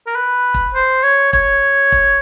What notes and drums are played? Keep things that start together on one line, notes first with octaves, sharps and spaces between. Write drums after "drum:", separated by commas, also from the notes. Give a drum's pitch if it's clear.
A#4
B4
drum: kick E1
C5
C#5
C#5, drum: kick E1
drum: kick E1